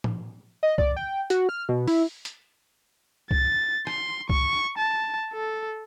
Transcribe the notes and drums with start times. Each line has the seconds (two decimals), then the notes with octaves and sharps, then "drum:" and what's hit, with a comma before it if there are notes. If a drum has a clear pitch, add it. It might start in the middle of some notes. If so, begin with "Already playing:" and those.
0.04 drum: tom
0.63 D#5
0.78 D5, drum: kick
0.96 G5
1.30 F#4, drum: hi-hat
1.49 F6
1.69 B2
1.88 E4, drum: open hi-hat
2.25 drum: hi-hat
3.31 A6, drum: kick
3.87 C6, drum: rim click
4.29 C#6, drum: kick
4.78 A5
5.32 A4